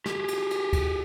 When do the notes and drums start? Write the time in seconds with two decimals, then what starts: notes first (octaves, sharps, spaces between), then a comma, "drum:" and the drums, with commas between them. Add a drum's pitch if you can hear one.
0.06 G4 G#4, drum: snare
0.28 drum: cymbal
0.50 drum: cymbal
0.73 drum: kick, cymbal